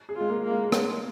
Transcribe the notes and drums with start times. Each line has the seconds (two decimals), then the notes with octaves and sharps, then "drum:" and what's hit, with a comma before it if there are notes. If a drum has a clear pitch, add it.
0.09 G#4
0.16 G#3 F4
0.30 A#3
0.44 A#3
0.51 G#3
0.72 G#3 A#3, drum: rim click